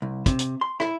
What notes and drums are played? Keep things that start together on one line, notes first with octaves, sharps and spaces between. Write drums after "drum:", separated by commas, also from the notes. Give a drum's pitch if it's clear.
C2
C3, drum: kick, hi-hat
drum: hi-hat
C6
E4, drum: rim click